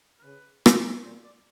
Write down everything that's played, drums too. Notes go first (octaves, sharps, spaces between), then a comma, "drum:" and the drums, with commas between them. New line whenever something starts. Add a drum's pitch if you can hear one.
A#4
C#3 B4
drum: rim click
A#2 C5
D5